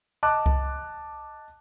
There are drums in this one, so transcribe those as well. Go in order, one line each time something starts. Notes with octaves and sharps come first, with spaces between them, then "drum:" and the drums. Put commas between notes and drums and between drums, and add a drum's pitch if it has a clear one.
D#5 A5 D6 F#6
drum: kick C2